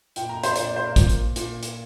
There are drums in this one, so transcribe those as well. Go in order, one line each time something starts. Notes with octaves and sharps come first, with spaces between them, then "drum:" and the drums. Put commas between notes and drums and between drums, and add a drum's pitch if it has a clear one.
A#2 G5, drum: hi-hat
A#5
C5, drum: hi-hat
D5
A#2 C5, drum: hi-hat
D5
C5
A#4
A#2, drum: kick, hi-hat
drum: hi-hat
A#2, drum: hi-hat
drum: hi-hat